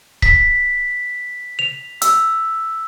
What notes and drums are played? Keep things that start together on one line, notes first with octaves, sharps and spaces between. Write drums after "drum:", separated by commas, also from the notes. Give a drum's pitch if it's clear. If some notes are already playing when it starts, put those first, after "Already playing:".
B6, drum: kick C#1
F7
E6, drum: hi-hat